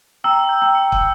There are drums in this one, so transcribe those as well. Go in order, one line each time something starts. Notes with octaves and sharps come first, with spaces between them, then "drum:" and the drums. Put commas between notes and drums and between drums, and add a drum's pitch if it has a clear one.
G5 A#5 E6
G6
G5 A#5
C#7
drum: kick